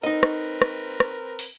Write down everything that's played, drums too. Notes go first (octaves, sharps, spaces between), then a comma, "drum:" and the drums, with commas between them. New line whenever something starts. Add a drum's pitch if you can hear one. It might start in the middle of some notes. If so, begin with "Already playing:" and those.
C4 D#4 A#4 B4 D#5
drum: rim click
drum: rim click
drum: rim click
drum: open hi-hat